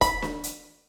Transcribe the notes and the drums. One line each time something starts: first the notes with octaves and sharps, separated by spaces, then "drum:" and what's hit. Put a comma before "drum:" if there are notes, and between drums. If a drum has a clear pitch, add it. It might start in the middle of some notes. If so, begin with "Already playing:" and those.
B5, drum: kick E1, hi-hat
drum: snare
drum: hi-hat